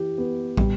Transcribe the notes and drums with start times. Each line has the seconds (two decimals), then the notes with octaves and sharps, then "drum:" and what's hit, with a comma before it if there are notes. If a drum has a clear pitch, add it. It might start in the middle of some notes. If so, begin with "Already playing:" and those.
Already playing: E3 G4
0.18 B3
0.57 G3, drum: kick